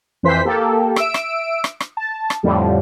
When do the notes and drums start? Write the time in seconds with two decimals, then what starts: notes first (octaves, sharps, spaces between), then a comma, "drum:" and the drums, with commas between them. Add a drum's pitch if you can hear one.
0.23 F2 E3 B4 C5 C6 B6
0.45 A#3 G4 A4
0.96 E5 E6 D7, drum: rim click
1.14 drum: rim click
1.64 drum: rim click
1.80 drum: rim click
1.97 A5
2.30 drum: rim click
2.43 F2 A2 D3 G3